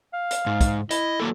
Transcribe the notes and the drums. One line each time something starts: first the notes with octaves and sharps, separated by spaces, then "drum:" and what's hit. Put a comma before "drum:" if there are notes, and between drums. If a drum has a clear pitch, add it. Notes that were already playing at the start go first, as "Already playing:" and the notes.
F5
drum: hi-hat
G#2
drum: kick, hi-hat
E4 D#5, drum: hi-hat
F#3 A#3 A4